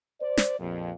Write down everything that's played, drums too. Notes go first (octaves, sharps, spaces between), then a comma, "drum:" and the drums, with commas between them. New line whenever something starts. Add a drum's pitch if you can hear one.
C5 D5
drum: snare
A#1 F2